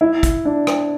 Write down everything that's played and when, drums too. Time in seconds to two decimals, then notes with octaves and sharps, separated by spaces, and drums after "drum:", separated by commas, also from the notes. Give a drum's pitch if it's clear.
0.01 E4
0.23 drum: kick, hi-hat
0.45 D4
0.67 drum: rim click